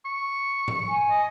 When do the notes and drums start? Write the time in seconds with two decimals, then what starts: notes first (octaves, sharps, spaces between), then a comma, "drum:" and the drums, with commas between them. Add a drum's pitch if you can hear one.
0.05 C#6
0.68 drum: tom G#2
0.88 G#5
1.09 D#5